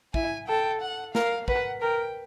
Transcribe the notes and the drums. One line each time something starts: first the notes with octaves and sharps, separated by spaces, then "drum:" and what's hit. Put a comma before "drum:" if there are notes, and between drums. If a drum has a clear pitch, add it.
E4 G#5, drum: kick
A4 G5
F#5
A#4 F5, drum: snare
B4 F#5, drum: kick
A#4 G5